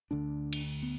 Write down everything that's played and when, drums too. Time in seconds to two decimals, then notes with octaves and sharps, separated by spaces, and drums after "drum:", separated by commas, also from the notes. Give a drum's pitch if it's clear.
0.11 D2 D3 D4
0.53 drum: cymbal
0.83 B3